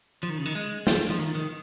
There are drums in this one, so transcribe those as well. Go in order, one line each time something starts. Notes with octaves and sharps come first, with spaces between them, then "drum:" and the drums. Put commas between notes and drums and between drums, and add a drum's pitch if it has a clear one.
F3
D#3
C#3
D#3
G#3
F3, drum: snare
F3
D#3
D#3